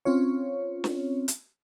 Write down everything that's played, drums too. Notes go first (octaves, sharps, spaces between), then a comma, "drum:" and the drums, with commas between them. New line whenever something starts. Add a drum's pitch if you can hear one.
C4 C#4 F4 C#5
drum: snare
drum: hi-hat